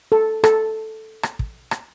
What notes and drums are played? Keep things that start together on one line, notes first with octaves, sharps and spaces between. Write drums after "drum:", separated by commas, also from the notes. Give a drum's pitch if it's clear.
A4
A4, drum: rim click
drum: rim click
drum: kick
drum: rim click